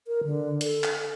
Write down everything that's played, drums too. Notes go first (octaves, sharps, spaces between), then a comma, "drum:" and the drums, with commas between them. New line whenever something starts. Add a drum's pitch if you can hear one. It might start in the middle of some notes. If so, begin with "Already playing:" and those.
A#4
D3
A4, drum: hi-hat
drum: clap